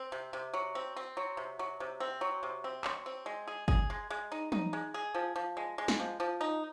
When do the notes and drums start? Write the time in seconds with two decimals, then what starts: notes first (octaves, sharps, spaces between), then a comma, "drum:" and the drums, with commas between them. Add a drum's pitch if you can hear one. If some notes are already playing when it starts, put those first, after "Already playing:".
Already playing: C4
0.12 C3
0.33 C3
0.53 F#3
0.75 C4
0.96 C4
1.17 F#3
1.37 C3
1.59 F#3
1.80 C3
2.00 C4
2.21 F#3
2.43 C3
2.64 C4
2.84 F#3, drum: clap
3.06 C4
3.26 G#3
3.47 G#4
3.68 G#4, drum: kick
3.90 G#3
4.10 G#3
4.32 D#4
4.52 D#4, drum: tom
4.73 G#3
4.94 G#4
5.15 F3
5.36 F3
5.57 G#3
5.78 G#3
5.88 drum: snare
6.00 F3
6.20 F3
6.41 D#4